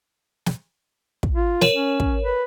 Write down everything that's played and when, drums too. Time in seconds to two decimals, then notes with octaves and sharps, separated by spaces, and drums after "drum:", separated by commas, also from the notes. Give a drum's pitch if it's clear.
0.46 drum: snare
1.23 drum: kick
1.35 F4
1.61 A#4 C#5 E7, drum: snare
1.73 C#4
2.00 drum: kick
2.22 B4